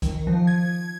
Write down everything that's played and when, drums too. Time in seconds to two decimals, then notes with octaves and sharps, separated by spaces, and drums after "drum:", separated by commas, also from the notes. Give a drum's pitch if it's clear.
0.02 D#3, drum: kick, hi-hat
0.27 F3
0.47 G#6